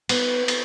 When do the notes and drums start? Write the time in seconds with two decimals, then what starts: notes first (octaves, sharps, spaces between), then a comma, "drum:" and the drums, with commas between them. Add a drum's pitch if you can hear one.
0.09 B3, drum: cymbal
0.48 drum: cymbal